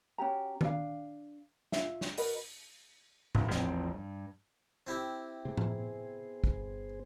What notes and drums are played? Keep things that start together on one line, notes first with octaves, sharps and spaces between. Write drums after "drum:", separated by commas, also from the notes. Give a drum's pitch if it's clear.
C#4 F#4 G4 A#5
D4 F5, drum: tom D#3
F4 E5, drum: snare
drum: snare
F#4 A#4 B4 D#5, drum: open hi-hat
F1 E2, drum: tom A2
A1 E2 F3 C4, drum: snare
G2
C4 E4 G4
C3 A3 B3 G#4 C5
drum: tom A2
G1, drum: kick